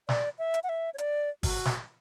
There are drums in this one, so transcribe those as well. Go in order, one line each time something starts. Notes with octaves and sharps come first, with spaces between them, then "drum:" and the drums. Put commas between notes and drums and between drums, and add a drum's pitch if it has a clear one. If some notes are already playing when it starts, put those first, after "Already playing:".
D5, drum: snare
E5
drum: hi-hat
F#5
E5
C#5
D5, drum: hi-hat
F#4, drum: kick G1, open hi-hat
drum: snare